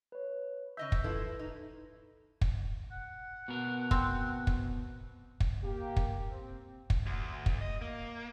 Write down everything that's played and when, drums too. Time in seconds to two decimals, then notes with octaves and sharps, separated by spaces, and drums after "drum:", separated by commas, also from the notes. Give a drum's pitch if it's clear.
0.12 B4 C#5
0.77 C#3 D#5 E5 E6 G6 B6
0.92 drum: kick
1.04 F3 E4 A4 B4
1.39 D#4
2.41 drum: kick
2.91 F#5
3.48 B2 A#4
3.91 C4, drum: kick
4.47 drum: kick
5.40 drum: kick
5.63 A#3 G4
5.96 drum: kick
6.29 C4
6.90 drum: kick
7.06 D2
7.46 drum: kick
7.61 D#5
7.82 A#3